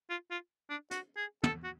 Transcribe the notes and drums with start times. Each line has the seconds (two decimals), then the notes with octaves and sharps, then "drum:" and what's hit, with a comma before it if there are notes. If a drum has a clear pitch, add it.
0.10 F4
0.31 F4
0.70 D4
0.91 F#4, drum: hi-hat
1.17 G#4
1.44 A4, drum: tom
1.64 F#4